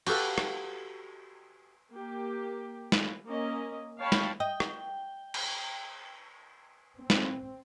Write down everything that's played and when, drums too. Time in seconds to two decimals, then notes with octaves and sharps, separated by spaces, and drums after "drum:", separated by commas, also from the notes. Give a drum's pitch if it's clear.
0.06 F#4 G4 A4 B4 F5, drum: cymbal
0.38 drum: rim click
1.93 A#3 G4
2.92 drum: snare
3.27 A#3 C#4 D#5
3.99 C#5 F5 G5 A5 B5
4.12 drum: snare
4.40 D#5 G5
4.60 drum: rim click
5.34 drum: cymbal
7.00 C4
7.10 drum: snare